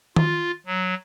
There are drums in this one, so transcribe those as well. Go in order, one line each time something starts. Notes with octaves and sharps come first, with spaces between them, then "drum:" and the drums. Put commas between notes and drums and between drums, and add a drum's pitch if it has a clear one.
F4, drum: tom D#3
F#3